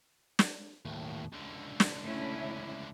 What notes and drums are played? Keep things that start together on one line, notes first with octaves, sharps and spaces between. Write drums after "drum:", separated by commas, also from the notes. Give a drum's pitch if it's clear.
drum: snare
D#2 A2
C#2 D3
drum: snare
A3 C#4 E4